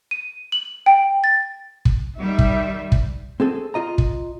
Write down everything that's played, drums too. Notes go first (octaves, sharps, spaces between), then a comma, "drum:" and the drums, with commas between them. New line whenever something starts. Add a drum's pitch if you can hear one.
D#7
F#7
G5
A6
drum: kick
D#3 G3 E5
drum: kick
drum: kick
C4 G#4 A4
F4 D#5 A#5
drum: kick